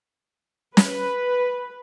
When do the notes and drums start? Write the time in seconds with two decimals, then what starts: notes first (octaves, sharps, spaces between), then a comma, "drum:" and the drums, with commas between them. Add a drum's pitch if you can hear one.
0.77 B4, drum: snare